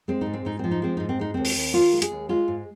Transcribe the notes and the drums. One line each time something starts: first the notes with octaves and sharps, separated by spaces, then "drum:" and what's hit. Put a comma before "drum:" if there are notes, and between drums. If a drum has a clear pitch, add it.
G#3 C4
G#2 D#4
C4
G#2 D#4
F3 C4
D#4
G#3 C4
G#2 D#4
C4
G#3 D#4
D#2 C4
drum: open hi-hat
D#2
D#3 F4
G#3
G#4, drum: hi-hat
D#2
G#3 F4
G#2